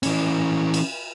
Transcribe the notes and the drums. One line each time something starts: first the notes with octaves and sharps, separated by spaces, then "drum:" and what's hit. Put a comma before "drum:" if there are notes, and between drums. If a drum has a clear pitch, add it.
E3 C#4, drum: cymbal
drum: cymbal